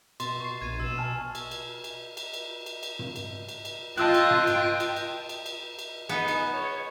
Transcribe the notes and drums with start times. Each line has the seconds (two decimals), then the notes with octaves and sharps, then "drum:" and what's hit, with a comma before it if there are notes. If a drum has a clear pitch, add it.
0.20 B2 C6 A6, drum: cymbal
0.40 C#6 C7
0.62 A#1 G#6 D#7
0.80 B2 E6 E7
0.98 G#5 A5 F6
1.35 drum: cymbal
1.51 drum: cymbal
1.84 drum: cymbal
2.17 drum: cymbal
2.33 drum: cymbal
2.66 drum: cymbal
2.83 drum: cymbal
2.99 drum: tom
3.16 drum: cymbal
3.49 drum: cymbal
3.65 drum: cymbal
3.98 F4 D#5 G5 A5 E6 F#6, drum: cymbal
4.14 drum: cymbal
4.31 drum: tom
4.47 drum: cymbal
4.80 drum: cymbal
4.96 drum: cymbal
5.29 drum: cymbal
5.46 drum: cymbal
5.79 drum: cymbal
6.09 B3 D#4 G#4, drum: cymbal
6.28 drum: cymbal
6.54 C#5